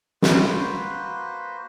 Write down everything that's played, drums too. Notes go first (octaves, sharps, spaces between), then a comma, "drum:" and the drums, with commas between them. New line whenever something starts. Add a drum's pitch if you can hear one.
A#3 F#4 B4 C5, drum: snare